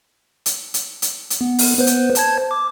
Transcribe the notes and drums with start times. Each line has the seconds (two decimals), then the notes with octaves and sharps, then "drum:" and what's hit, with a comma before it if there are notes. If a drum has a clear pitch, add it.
0.46 drum: hi-hat
0.74 drum: hi-hat
1.02 drum: hi-hat
1.30 drum: hi-hat
1.41 B3
1.59 drum: open hi-hat
1.78 B3 B4 C5
1.87 drum: hi-hat
2.15 C5 A5 G#6, drum: hi-hat
2.51 D6